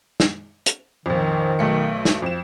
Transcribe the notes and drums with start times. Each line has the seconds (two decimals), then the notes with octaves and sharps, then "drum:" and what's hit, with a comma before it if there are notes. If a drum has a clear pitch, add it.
0.20 drum: snare
0.66 drum: hi-hat
1.06 A#1 F2 D#3
1.59 B1 A3 C#7
2.05 drum: snare
2.22 F2 E7